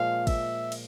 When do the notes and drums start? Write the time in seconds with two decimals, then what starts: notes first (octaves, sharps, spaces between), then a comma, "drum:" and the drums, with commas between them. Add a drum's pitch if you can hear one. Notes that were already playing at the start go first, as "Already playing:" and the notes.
Already playing: A#2 F3 G#3 F5
0.27 E5, drum: kick, cymbal
0.72 drum: cymbal